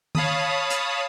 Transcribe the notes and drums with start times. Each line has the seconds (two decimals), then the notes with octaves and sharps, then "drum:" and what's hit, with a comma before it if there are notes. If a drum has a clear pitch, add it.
0.15 C#5 F5 A5 B5 D#6, drum: tom D#3
0.70 drum: hi-hat